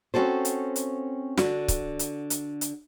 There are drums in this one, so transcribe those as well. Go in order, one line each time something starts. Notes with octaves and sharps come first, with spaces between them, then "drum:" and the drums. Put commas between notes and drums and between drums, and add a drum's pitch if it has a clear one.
C4 C#4 D#4 F#4 A4 C5
drum: hi-hat
drum: hi-hat
D3 F#4, drum: snare
drum: kick C#1, hi-hat
drum: hi-hat
drum: hi-hat
drum: hi-hat